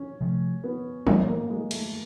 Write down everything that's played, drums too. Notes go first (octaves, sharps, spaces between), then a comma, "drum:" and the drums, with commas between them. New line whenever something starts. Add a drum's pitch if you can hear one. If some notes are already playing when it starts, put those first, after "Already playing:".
Already playing: C#4
C3 F3 A3
B3
A2 E3 A3 A#3 C#4, drum: tom F3
A#3
G#3
A3, drum: cymbal